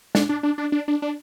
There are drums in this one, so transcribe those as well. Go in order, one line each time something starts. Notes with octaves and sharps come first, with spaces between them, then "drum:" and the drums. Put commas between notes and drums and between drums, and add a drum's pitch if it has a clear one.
D4, drum: snare
D4
D4
D4
D4
D4
D4